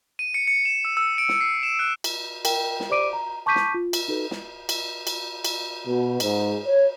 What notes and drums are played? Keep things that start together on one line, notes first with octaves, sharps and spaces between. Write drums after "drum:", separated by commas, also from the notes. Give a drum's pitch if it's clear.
D#7
C#7
C#7
E7
E6
E6
D7
drum: snare
C7
E7
F#6
drum: cymbal
A#4 G5, drum: cymbal
drum: snare
G4 C5 D5 D6 D7 D#7
A#5
A5 C#6 D6 G6 B6 D#7
drum: snare
F4
drum: cymbal
D#4 F#4 A4 B4
drum: snare
drum: cymbal
drum: cymbal
drum: cymbal
B2
G#2, drum: cymbal
C#5